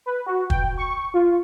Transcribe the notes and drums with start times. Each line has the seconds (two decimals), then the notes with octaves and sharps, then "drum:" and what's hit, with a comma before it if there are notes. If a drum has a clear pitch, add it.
0.06 B4
0.26 F#4
0.50 G5, drum: kick
0.78 C#6
1.14 F4